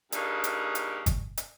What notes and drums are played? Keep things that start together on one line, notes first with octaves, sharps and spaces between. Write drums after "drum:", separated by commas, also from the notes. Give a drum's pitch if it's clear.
G2 A#2 C#3 D#4, drum: hi-hat
drum: hi-hat
drum: hi-hat
drum: kick, hi-hat
drum: hi-hat